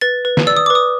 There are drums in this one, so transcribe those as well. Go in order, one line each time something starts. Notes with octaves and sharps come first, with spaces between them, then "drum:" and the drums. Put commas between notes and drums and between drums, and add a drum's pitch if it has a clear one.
B4 A6
B4
drum: snare
D5 E6
D#6
B4 D6
D#6